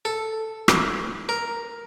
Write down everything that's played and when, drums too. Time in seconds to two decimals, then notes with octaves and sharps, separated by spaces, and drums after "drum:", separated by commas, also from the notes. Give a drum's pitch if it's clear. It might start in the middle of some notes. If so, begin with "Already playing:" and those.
0.05 A4
0.68 drum: rim click
1.29 A#4